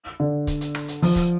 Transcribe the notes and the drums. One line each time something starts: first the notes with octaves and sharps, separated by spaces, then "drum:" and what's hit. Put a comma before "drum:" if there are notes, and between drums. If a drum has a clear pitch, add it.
D3
drum: kick, hi-hat
drum: hi-hat
drum: rim click
drum: hi-hat
F3, drum: open hi-hat
drum: kick, hi-hat